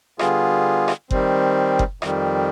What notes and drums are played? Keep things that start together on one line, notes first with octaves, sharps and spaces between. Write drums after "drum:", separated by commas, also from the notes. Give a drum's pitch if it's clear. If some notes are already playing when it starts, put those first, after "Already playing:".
D3 G3 B3 F4 G#4, drum: rim click
drum: rim click
D#3 G3 C4, drum: kick F#1
drum: kick F#1
F2 D#3 G3, drum: rim click